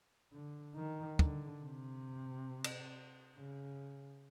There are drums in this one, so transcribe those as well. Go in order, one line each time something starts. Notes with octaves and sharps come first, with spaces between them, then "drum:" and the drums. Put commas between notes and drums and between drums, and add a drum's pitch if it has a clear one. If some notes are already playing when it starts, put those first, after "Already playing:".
D3
D#3
D3, drum: kick
C3
drum: cymbal
C#3